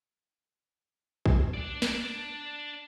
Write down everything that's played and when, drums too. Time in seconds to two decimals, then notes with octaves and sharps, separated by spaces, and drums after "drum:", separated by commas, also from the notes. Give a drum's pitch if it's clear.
1.26 drum: kick A#1
1.54 D4 D5
1.82 drum: snare